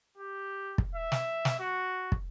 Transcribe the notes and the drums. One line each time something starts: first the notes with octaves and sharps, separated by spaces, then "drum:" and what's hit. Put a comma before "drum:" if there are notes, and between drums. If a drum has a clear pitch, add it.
G4
drum: kick
E5
drum: snare
drum: snare
F#4
drum: kick